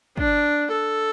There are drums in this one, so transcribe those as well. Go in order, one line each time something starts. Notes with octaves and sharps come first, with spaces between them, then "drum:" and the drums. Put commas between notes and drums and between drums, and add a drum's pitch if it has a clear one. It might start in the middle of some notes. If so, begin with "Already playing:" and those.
D4, drum: kick
A4